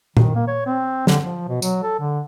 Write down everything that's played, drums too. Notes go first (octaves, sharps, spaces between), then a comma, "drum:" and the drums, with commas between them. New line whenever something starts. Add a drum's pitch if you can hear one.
D#3, drum: tom A#2
A#3
C#5
C4
D3, drum: snare
F3
B2
F#3, drum: tambourine
A4
D3